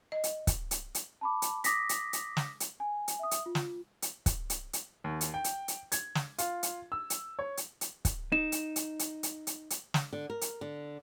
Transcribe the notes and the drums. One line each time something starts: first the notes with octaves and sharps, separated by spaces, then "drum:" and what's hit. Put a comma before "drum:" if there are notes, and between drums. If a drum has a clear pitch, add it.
D#5
drum: hi-hat
drum: kick, hi-hat
drum: hi-hat
drum: hi-hat
A5 B5 D6
drum: hi-hat
D6 D#6 A#6 B6, drum: hi-hat
drum: hi-hat
drum: hi-hat
drum: snare
drum: hi-hat
G#5
drum: hi-hat
E5 D#6
drum: hi-hat
F4
drum: snare
drum: hi-hat
drum: kick, hi-hat
drum: hi-hat
drum: hi-hat
D#2
drum: hi-hat
G5
drum: hi-hat
drum: hi-hat
G#6, drum: hi-hat
drum: snare
F4, drum: hi-hat
drum: hi-hat
E6
drum: hi-hat
C#5
drum: hi-hat
drum: hi-hat
drum: kick, hi-hat
D#4 E7
drum: hi-hat
drum: hi-hat
drum: hi-hat
drum: hi-hat
drum: hi-hat
drum: hi-hat
drum: snare
D3
A#4
drum: hi-hat
D3